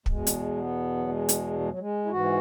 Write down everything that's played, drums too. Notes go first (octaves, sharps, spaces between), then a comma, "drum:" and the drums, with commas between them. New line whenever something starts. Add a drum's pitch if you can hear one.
E2 B2 G#3, drum: kick
drum: hi-hat
B3
F#3
G#3
drum: hi-hat
G#3
F#3
G#3
E4
G#2 E3 F#4